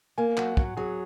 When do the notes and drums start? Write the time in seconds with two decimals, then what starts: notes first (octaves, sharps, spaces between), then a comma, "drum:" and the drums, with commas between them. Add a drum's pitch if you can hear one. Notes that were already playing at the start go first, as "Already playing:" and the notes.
0.18 A#3 G#5
0.37 F#3 F#5, drum: clap
0.57 F#3, drum: kick
0.77 F#3 G#4